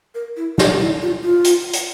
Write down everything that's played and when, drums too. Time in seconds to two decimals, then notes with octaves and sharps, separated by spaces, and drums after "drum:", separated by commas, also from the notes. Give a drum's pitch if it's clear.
0.15 A#4
0.37 E4
0.58 D#4, drum: snare
0.79 E4
1.02 F4
1.23 F4
1.44 drum: hi-hat
1.73 drum: hi-hat